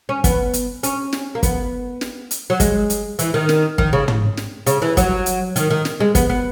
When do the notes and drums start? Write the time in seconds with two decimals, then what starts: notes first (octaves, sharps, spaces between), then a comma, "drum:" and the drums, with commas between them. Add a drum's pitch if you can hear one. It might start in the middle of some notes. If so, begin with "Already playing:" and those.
0.09 C#4
0.24 B3, drum: kick, hi-hat
0.53 drum: hi-hat
0.83 C#4, drum: hi-hat
1.13 drum: snare
1.35 A#3
1.43 B3, drum: kick, hi-hat
2.01 drum: snare
2.31 drum: hi-hat
2.50 F#3
2.60 G#3, drum: kick, hi-hat
2.90 drum: hi-hat
3.19 E3, drum: hi-hat
3.34 D#3
3.49 drum: snare
3.78 D#3, drum: kick
3.93 C#3
4.08 drum: tom
4.37 drum: snare
4.66 C#3, drum: hi-hat
4.82 E3
4.97 F#3, drum: kick, hi-hat
5.26 drum: hi-hat
5.56 D#3, drum: hi-hat
5.70 D#3
5.85 drum: snare
6.00 G#3
6.15 B3, drum: kick, hi-hat
6.30 B3